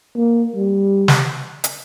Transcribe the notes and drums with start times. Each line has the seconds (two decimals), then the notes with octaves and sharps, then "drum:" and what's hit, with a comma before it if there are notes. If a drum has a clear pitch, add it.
0.16 A#3
0.55 G3
1.08 drum: snare
1.64 drum: hi-hat